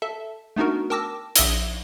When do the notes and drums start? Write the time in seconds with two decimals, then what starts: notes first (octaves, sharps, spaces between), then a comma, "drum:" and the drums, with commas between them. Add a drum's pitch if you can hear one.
0.02 A4 E5 A5
0.56 A3 B3 D4 D#4 F#4 A#4
0.90 A#4 G5 A5 D6 E6 A#6
1.36 A#1 E5 D#6 E6 A#6, drum: hi-hat